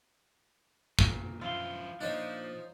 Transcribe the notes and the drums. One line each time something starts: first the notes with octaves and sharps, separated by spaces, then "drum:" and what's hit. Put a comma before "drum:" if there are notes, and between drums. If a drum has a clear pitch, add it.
A#2, drum: kick
F#2 F3 E4 F4 C6
A#2 F3 D4 D#4 C5 C#5